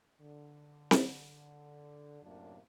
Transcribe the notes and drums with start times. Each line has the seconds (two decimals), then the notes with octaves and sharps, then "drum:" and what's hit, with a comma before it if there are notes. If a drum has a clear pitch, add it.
0.21 D3
0.91 drum: snare C4
2.23 F#2 A2 C3 A#3 D4